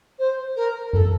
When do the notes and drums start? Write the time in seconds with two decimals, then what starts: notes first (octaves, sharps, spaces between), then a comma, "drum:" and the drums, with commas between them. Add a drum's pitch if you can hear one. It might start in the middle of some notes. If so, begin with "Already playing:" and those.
0.19 C5
0.56 A#4
0.93 A4, drum: tom F#2